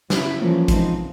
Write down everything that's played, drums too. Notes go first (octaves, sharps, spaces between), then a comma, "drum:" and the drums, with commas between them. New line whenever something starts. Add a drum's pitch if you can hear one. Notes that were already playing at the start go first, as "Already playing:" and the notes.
C#3 F#3 B3 E4, drum: snare
E3 F3 G3 A#3 C#4
E3 G#3 C4 D#4, drum: kick, hi-hat